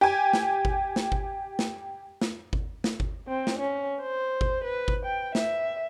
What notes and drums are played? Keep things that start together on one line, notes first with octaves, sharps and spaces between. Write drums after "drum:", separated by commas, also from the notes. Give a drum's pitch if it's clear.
G4 G#5
drum: snare
drum: kick G1
drum: snare
drum: kick G1
drum: snare
drum: snare
drum: kick G1
drum: snare
drum: kick G1
C4
drum: snare
C#4
C5
drum: kick G1
B4
drum: kick G1
G5
E5, drum: snare